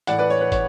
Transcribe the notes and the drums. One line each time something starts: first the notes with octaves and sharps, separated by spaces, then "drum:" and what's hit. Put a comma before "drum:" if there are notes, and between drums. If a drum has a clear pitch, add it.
A2 E3 D5 F#5, drum: hi-hat
B4 D5
C#5
B4
C#5, drum: kick, hi-hat